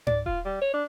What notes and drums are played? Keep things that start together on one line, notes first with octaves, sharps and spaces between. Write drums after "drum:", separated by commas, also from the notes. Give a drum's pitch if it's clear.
D5, drum: tom G#2
F4, drum: kick D#1
G3
C#5
D4